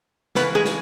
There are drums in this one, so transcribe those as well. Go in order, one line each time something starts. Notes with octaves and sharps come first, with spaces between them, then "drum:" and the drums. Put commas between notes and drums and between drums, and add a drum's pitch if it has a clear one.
C#3 E3 B3 B4, drum: snare
G#3 G#4
drum: snare